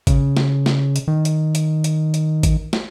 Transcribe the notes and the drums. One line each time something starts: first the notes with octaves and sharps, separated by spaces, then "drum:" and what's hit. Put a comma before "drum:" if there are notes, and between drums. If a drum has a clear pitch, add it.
C#3, drum: kick G#1, hi-hat
drum: snare
drum: snare
drum: hi-hat
D#3
drum: hi-hat
drum: hi-hat
drum: hi-hat
drum: hi-hat
drum: kick G#1, hi-hat
drum: snare